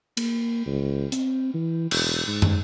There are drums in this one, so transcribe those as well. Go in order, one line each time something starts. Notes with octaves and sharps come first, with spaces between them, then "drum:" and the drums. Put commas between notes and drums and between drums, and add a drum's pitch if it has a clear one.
A#3, drum: cymbal
C#2
C4, drum: hi-hat
E3
E1, drum: cymbal
G#2
drum: tom